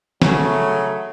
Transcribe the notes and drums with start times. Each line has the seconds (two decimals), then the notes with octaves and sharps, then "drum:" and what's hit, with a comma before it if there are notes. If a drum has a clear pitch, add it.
0.22 C#3 F#3 A3, drum: snare